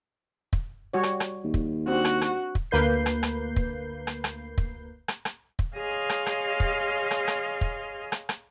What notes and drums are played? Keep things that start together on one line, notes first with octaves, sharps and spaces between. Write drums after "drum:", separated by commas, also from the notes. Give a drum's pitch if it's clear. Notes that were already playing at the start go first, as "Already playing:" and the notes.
drum: kick
G3 F#4 C#5
drum: rim click
drum: rim click
D#2
drum: kick
C4 D4 F#4
drum: rim click
drum: rim click
drum: kick
D2 A#3 B4 G6 C7
drum: rim click
drum: rim click
drum: kick
drum: rim click
drum: rim click
drum: kick
drum: rim click
drum: rim click
drum: kick
G#4 C#5 D#5 F5 C6 F6
drum: rim click
drum: rim click
drum: kick
drum: rim click
drum: rim click
drum: kick
drum: rim click
drum: rim click